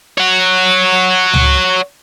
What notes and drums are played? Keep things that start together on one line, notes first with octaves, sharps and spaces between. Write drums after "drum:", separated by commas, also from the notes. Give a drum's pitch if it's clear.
C#5 F#5
drum: tom C#2